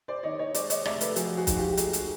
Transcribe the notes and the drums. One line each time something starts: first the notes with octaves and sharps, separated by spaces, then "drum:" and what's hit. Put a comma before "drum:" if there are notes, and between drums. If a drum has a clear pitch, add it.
C5 D5
D#3 C#5 D#5
C#5 D#5
G#3 C5 D5, drum: hi-hat
C#5 D#5, drum: hi-hat
F1 D5 E5, drum: rim click
A4 B4, drum: hi-hat
F3 F#4 G#4, drum: hi-hat
F#4 G#4
G#2, drum: kick, hi-hat
F4 G4
G4
A3 F#4 G#4, drum: hi-hat
drum: hi-hat